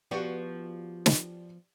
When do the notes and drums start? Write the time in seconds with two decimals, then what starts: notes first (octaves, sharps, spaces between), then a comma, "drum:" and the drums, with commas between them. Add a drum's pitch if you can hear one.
0.11 F3 B3 F#4 G4 D5
1.06 drum: snare